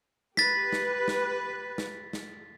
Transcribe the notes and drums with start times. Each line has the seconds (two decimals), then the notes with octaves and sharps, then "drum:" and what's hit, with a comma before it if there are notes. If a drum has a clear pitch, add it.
0.37 G4 B4 A6 B6, drum: snare
0.73 drum: snare
1.08 drum: snare
1.78 drum: snare
2.13 drum: snare